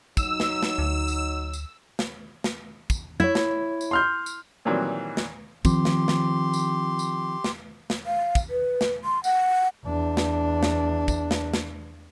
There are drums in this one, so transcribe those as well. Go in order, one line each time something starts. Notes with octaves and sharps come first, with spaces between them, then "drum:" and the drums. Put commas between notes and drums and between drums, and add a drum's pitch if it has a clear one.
F#3 D#4 E6, drum: kick, tambourine
drum: snare
drum: snare
D2
drum: tambourine
drum: tambourine
drum: snare
drum: snare
drum: kick, tambourine
E4 C#5 G#6
drum: snare
drum: tambourine
C6 F6 G6
drum: tambourine
A#2 D#3 E3 F#3 G3 C4
drum: snare
D#3 F3 C4 G4 C6, drum: kick, tambourine
drum: snare
drum: snare
drum: tambourine
drum: tambourine
drum: snare
drum: snare
F5
drum: kick, tambourine
B4
drum: snare
C6
F#5, drum: tambourine
E2 D4
drum: snare
drum: snare
drum: kick, tambourine
drum: snare
drum: snare